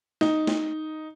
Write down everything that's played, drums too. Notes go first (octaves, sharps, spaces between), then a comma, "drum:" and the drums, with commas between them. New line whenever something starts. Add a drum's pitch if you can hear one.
D#4, drum: snare
drum: snare